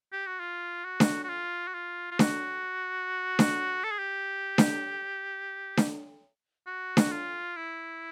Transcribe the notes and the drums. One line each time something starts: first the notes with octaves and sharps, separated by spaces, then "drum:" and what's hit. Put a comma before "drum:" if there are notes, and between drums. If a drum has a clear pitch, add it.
G4
F#4
F4
F#4
drum: snare D4
F#4
F4
F#4
F4
F4
F#4, drum: snare D4
drum: snare D4
A4
G#4
G4
drum: snare D4
drum: snare D4
F#4
drum: snare D4
F4
E4